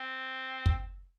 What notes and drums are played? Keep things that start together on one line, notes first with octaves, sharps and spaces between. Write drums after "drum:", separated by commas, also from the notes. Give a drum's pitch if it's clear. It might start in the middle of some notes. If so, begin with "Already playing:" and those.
Already playing: C4
drum: kick